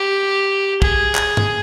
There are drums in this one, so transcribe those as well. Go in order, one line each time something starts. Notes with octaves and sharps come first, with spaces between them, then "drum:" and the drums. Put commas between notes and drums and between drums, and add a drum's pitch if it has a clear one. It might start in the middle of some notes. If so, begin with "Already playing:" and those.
Already playing: G4
G#4, drum: kick
drum: clap
drum: tom G2